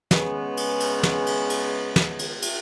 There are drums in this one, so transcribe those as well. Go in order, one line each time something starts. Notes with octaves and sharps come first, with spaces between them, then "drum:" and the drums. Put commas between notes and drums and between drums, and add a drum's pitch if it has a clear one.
C#3 G#3 B3, drum: snare
drum: cymbal
drum: cymbal
drum: snare
drum: cymbal
drum: cymbal
drum: snare
drum: cymbal
drum: cymbal